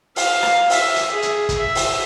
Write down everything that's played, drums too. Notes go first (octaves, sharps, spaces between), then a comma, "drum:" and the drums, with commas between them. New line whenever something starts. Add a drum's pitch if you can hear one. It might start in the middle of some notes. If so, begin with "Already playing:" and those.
F5, drum: open hi-hat
drum: rim click
E5, drum: open hi-hat
drum: hi-hat
G#4
drum: hi-hat
drum: kick, hi-hat
E5
drum: open hi-hat